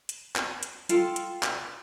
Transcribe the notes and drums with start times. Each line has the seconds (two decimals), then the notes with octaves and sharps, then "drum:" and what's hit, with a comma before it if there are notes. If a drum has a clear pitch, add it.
0.09 drum: hi-hat
0.36 drum: clap
0.63 drum: hi-hat
0.89 F4 A4 G5, drum: hi-hat
1.16 drum: hi-hat
1.43 drum: clap